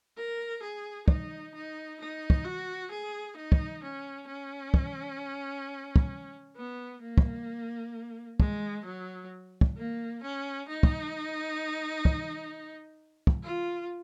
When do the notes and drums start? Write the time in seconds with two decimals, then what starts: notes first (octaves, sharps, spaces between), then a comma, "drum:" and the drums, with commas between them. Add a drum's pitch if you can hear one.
0.17 A#4
0.62 G#4
1.08 D#4, drum: kick
1.54 D#4
2.00 D#4
2.30 drum: kick
2.45 F#4
2.91 G#4
3.36 D#4
3.52 drum: kick
3.83 C#4
4.27 C#4
4.74 drum: kick
5.96 drum: kick
6.56 B3
7.02 A#3
7.18 drum: kick
8.40 G#3, drum: kick
8.85 F#3
9.61 drum: kick
9.77 A#3
10.23 C#4
10.68 D#4
10.83 drum: kick
12.05 drum: kick
13.27 drum: kick
13.43 F4